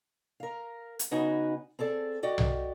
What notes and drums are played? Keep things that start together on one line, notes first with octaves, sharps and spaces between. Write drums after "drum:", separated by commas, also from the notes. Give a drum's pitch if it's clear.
A#4 F5
drum: hi-hat
C#3 B3 D#4 F#4 B4 G#5
C4 G#4 A4 D5
F#4 G4 D5 D#5
drum: tom B1